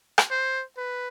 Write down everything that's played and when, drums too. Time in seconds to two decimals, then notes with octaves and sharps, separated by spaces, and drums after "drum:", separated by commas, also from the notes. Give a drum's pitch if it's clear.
0.18 drum: rim click
0.30 C5
0.78 B4